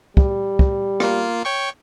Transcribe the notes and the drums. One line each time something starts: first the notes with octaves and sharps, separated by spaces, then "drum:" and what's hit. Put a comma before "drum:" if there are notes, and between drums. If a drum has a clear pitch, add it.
G3, drum: kick
drum: kick
A#3 F4, drum: rim click
C#5 G5 C#6